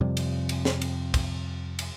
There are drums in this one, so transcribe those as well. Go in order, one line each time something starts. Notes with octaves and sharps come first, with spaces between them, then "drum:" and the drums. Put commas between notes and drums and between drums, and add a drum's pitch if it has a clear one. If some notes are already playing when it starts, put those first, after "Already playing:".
F2 C3 G3
drum: cymbal
drum: cymbal
drum: snare
drum: cymbal
drum: kick, cymbal
drum: cymbal